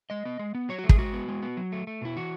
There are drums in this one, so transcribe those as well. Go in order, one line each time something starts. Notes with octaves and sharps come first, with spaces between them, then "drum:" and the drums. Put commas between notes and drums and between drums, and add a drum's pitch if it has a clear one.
G#3 D#5
B3
G#3
B3
F#3 C#5
F#4
A3
G#4, drum: kick
G#3 F#4
B3
G#3
B3
F#3
A3
A3
B2 E4
E3 F#4